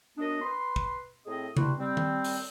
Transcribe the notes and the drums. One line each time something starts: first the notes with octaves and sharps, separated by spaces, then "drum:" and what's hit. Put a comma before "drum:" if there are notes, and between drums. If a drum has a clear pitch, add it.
F#2 B3 D4 D#5
B4 B5 C6
drum: kick
A2 C4 G#4 D#5
G2 C3 E4 F#4 C6, drum: tom C#3
G3 C4
drum: tom D#3
drum: open hi-hat